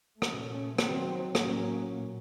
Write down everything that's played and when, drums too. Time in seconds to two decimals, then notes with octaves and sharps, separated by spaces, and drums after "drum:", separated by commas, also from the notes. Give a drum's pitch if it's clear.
0.22 A#2 A3 C#4, drum: rim click
0.78 D#3 F#3 C4, drum: rim click
1.35 A2 F#3 A#3 C#4, drum: rim click
1.90 A#2